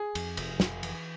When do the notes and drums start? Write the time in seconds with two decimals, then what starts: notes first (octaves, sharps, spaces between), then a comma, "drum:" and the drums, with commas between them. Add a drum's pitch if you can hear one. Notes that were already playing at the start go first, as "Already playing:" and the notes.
Already playing: G#4
0.15 F2, drum: cymbal
0.37 F1, drum: cymbal
0.60 F1, drum: snare
0.83 E3, drum: cymbal